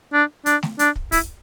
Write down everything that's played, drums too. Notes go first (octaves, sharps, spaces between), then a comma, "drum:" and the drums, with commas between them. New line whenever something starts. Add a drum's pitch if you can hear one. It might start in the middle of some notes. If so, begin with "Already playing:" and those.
D4
D4, drum: hi-hat
drum: snare A3
D4, drum: hi-hat
drum: kick
E4, drum: kick, open hi-hat